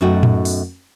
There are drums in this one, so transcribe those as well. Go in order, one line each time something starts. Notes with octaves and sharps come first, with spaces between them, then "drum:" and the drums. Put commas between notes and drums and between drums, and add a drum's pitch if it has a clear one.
F#2 B2 A3 D#4 F#4 G5
drum: tom A2
drum: open hi-hat